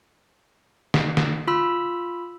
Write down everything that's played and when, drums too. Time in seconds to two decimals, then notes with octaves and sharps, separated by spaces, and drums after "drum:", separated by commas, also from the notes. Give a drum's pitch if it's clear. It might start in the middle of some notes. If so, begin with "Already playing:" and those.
0.94 drum: snare
1.17 drum: snare
1.47 F4 B5 E6